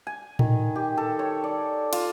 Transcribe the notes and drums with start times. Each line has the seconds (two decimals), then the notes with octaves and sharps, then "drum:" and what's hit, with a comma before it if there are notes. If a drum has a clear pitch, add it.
0.07 G#5
0.39 D#3, drum: tom A2
0.76 G4
0.97 A4
1.19 C#5
1.44 D5
1.93 F4, drum: cymbal